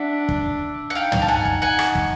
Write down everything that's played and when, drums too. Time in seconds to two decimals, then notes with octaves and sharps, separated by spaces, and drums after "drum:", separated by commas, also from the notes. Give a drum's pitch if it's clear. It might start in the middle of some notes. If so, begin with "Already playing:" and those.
Already playing: D4 E5 F#5
0.29 drum: kick
0.90 F#5
0.95 D#4 F5 G5
1.12 drum: tom
1.22 A5
1.28 F#5 G#5
1.45 drum: kick
1.62 F#5 G#5
1.79 drum: rim click
1.95 drum: kick